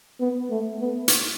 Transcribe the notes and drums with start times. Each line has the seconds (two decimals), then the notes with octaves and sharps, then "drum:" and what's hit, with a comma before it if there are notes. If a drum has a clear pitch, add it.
0.21 B3
0.50 A3
0.80 B3
1.08 drum: hi-hat